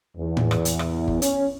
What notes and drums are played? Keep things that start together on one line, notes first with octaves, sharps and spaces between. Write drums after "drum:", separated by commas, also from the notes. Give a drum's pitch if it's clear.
E2
drum: tom A2
drum: rim click
drum: hi-hat
drum: rim click
drum: kick G1
C#4, drum: hi-hat